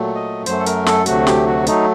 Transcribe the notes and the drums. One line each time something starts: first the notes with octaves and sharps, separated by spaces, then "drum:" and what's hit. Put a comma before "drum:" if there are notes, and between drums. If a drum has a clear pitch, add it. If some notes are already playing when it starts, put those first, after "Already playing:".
Already playing: A#2 F#3 A3
D#5
F#2 F#3 A3 C5, drum: hi-hat
A4
A#4, drum: hi-hat
A4, drum: snare
D2 C3 F#3 A3 F#4, drum: hi-hat
G4, drum: snare
F#4
F#3 A3 D#4, drum: hi-hat